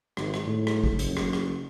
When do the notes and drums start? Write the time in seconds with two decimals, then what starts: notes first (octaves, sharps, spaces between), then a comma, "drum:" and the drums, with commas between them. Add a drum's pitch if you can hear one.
0.17 G#1, drum: rim click
0.34 drum: rim click
0.46 A2
0.67 drum: rim click
0.84 drum: kick G#1
0.99 F#1, drum: hi-hat
1.17 drum: rim click
1.33 drum: rim click